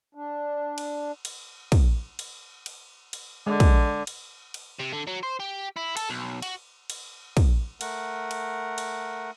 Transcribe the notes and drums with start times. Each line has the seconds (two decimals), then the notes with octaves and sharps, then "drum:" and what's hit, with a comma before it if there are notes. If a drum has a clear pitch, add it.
0.15 D4
0.78 drum: cymbal
1.25 drum: cymbal
1.72 drum: kick, cymbal
2.19 drum: cymbal
2.66 drum: cymbal
3.13 drum: cymbal
3.47 D3 G#3
3.60 drum: kick, cymbal
4.07 drum: cymbal
4.54 drum: cymbal
4.79 C3
4.92 D3
5.07 F#3
5.23 C5
5.40 G4
5.77 E4
5.97 A4, drum: cymbal
6.10 B1
6.43 F#4, drum: cymbal
6.90 drum: cymbal
7.37 drum: kick, cymbal
7.81 A3 A#4 F#5, drum: cymbal
8.31 drum: cymbal
8.78 drum: cymbal